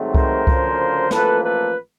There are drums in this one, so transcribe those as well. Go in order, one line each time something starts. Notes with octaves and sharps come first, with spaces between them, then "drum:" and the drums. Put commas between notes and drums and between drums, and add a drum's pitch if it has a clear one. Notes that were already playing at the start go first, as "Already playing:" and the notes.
Already playing: G#2 D#3 F#3 A3 C4
A#4 C5, drum: kick C2
D2 C#3 F3, drum: kick C2
A1 A2 F3 A#3 A4 B4, drum: snare
A4 B4